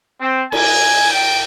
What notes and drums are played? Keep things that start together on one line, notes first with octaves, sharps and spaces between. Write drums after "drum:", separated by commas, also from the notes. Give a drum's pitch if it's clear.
C4
G#5, drum: cymbal
G5